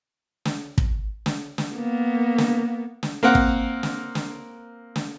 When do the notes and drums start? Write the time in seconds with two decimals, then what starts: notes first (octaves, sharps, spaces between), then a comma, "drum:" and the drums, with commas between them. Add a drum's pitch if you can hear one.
0.45 drum: snare
0.78 drum: kick
1.26 drum: snare
1.58 drum: snare
1.74 A#3 B3
2.38 drum: snare
3.03 drum: snare
3.23 A#3 C4 A#4 F#5
3.35 drum: kick
3.83 drum: snare
4.15 drum: snare
4.96 drum: snare